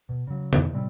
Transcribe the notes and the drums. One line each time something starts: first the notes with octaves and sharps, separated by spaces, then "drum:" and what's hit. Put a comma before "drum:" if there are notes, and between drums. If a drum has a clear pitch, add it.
B2
C#3 F#3
F2 B2 D#3, drum: tom
A2 C3 G3 C4